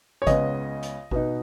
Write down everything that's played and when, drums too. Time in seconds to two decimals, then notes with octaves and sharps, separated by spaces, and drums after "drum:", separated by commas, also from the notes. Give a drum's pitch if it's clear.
0.22 C#5
0.27 C#2 C#3 B3 D#5, drum: kick G#1, hi-hat
0.83 drum: hi-hat
1.11 B2 B3 D#4, drum: kick G#1